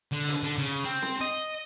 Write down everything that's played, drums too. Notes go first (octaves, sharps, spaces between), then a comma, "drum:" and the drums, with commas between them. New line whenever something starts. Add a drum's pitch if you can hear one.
D3
drum: open hi-hat
D3
C#3
C4
drum: snare C4
D#5